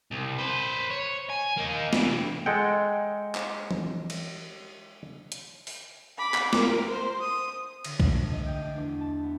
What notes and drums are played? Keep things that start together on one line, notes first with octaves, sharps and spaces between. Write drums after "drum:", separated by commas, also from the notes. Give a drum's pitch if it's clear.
C2
B4 C5
C#5
G#5
A#3 D#4
G2 E3, drum: snare
G#3 A4 F#5 G5
drum: clap
drum: tom E3
drum: cymbal
drum: hi-hat
drum: open hi-hat
B5 D6
drum: clap
A#4, drum: snare
C5
D#6
D3, drum: cymbal
A3, drum: kick
A5
D#5
G5
D4
E2
A5
B3